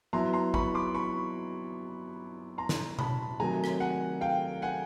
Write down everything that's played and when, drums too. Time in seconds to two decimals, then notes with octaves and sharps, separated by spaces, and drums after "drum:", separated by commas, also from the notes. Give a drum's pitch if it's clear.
0.13 F#3 B3 E4 A#5 C6
0.33 A#5 C6
0.54 B5 C#6, drum: kick
0.74 C6 D6
0.95 B5 C#6
2.58 A#5 C6
2.69 drum: snare
2.99 A5 B5, drum: tom B2
3.40 C3 D#3 F#3 A3 G#5 A#5
3.64 drum: rim click
3.80 F#5 G#5
4.21 F5 G5
4.62 F#5 G#5